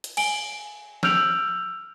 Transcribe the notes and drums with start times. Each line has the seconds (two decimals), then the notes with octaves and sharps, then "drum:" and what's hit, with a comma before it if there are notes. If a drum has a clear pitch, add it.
0.04 drum: hi-hat
0.17 G#5 D7 F#7 G7, drum: cymbal
1.03 E6 F6 G6 D7 F7 F#7, drum: snare